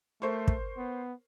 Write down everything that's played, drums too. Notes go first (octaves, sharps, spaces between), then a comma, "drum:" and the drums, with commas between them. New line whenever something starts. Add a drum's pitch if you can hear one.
A3 A#4 C5 C#6
drum: kick
B3